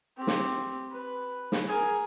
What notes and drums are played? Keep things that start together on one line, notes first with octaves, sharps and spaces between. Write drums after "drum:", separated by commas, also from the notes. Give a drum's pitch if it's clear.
C4 G4
drum: snare
B4
drum: snare
G#4 A#4